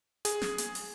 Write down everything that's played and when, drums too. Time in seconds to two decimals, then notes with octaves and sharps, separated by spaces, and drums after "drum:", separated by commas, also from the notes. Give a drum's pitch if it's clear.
0.25 G#4, drum: hi-hat
0.42 drum: snare
0.58 drum: hi-hat
0.75 drum: open hi-hat